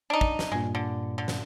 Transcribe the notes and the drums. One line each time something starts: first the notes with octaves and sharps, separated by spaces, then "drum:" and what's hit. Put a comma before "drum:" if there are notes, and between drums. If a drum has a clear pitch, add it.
D4 D#4
drum: kick
drum: snare
G2 A#2 G#3
D3
D3
drum: snare